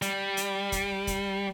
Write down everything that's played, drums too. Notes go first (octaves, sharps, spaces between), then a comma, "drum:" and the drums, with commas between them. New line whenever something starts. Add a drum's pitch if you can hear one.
G3, drum: hi-hat
drum: hi-hat
drum: kick, hi-hat
drum: kick, hi-hat